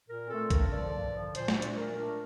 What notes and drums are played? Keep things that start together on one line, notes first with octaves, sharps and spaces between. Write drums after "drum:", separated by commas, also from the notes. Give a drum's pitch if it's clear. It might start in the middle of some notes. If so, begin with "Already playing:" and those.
A#2 A#4
A3 C4 A4
G2 A#4, drum: kick A#1, hi-hat
D3 F3 D5
G2
D3 F3
A#2 C5, drum: hi-hat
C5, drum: snare
A3 D4
D5, drum: hi-hat
A#2 A#4
A3 D4 A#4